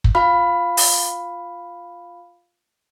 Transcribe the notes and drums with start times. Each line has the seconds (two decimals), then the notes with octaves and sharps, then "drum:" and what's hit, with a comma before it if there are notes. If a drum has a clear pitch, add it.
0.04 drum: kick
0.15 F4 F5 B5 F6
0.77 drum: open hi-hat